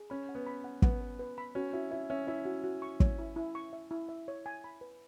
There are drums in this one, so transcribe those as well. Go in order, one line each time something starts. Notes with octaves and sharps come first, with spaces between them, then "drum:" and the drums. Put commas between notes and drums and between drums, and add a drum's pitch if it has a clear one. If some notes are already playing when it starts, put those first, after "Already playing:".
Already playing: G#4
C#4 B5
F#5
B3
B5
F#5
B3 F#5, drum: kick
B4
B4
B5
C#4 F#4
E4 F#4
E4 E5
C#4 E5
E4 E5
F#4
F#4
C#6
C#5, drum: kick
E4
E4
C#6
E5
E4
E5
C#5
G#5
B5
B4